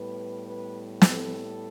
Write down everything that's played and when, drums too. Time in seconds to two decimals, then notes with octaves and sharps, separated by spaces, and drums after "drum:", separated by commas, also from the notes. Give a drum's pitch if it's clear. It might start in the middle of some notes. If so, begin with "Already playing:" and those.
Already playing: A2 G3 B3 B4
0.46 B4
1.02 drum: snare
1.14 A4